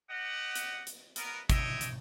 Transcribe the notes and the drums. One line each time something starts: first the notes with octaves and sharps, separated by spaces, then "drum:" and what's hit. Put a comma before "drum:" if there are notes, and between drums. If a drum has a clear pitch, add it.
G4 D#5 F#5
drum: hi-hat
drum: hi-hat
B3 A#4, drum: hi-hat
C#5 D#5 E5 G5, drum: kick, hi-hat
drum: hi-hat